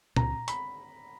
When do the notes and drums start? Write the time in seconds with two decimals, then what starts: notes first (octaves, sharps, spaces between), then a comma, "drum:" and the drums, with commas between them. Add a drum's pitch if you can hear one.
0.16 C#2 A#5, drum: tom
0.48 B5, drum: hi-hat